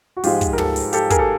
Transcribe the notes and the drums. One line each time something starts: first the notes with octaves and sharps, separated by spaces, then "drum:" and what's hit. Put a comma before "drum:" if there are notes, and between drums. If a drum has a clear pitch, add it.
F#4
G#2 F3 G#3 F4 G4, drum: open hi-hat
drum: kick, hi-hat
A#4
G4 A4, drum: tom
drum: open hi-hat
G4 A4, drum: hi-hat
G#4 A#4, drum: kick, hi-hat
G4 A4